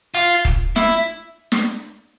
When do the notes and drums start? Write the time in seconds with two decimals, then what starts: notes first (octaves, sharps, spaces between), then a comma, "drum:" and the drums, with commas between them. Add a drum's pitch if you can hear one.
0.15 F4
0.45 drum: kick
0.76 E4, drum: snare
1.52 drum: snare